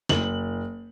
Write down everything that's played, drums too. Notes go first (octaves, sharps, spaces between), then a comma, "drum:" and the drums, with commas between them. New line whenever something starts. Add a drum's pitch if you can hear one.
F#1 F#7, drum: snare